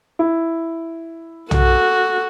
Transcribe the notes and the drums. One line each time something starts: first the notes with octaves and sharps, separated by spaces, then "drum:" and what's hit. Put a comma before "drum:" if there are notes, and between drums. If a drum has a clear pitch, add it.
E4
F#4 A4, drum: tom B1